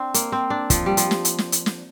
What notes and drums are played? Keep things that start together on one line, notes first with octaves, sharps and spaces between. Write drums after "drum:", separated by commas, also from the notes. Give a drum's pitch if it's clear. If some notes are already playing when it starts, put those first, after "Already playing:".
Already playing: C4 D4
A#3, drum: hi-hat
C4
D4
F3, drum: kick, hi-hat
G3
F3, drum: hi-hat
drum: snare
drum: hi-hat
drum: snare
drum: hi-hat
drum: snare